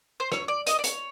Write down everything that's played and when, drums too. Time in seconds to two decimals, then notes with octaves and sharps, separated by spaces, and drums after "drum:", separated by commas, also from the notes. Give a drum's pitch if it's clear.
0.20 C5
0.32 C#5, drum: rim click
0.48 D5
0.67 D#5, drum: hi-hat
0.79 D5
0.84 C#5, drum: hi-hat